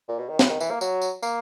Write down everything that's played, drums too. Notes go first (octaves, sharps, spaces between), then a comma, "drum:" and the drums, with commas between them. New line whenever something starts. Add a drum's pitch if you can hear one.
A#2
B2
D#3
C#3, drum: snare
D#3
E3, drum: tambourine
A#3
F#3, drum: tambourine
drum: tambourine
A#3, drum: tambourine